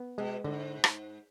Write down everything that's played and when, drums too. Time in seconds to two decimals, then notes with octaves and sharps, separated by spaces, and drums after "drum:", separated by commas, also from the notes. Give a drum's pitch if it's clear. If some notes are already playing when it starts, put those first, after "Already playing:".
Already playing: B3
0.18 B2 G#3
0.44 G#2 D3
0.84 drum: rim click